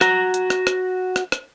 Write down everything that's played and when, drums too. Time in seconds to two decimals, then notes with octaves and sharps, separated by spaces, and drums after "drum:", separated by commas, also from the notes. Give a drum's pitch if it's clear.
0.01 F#4 A#5, drum: rim click
0.34 drum: hi-hat
0.50 drum: rim click
0.67 drum: rim click
1.16 drum: rim click
1.32 drum: rim click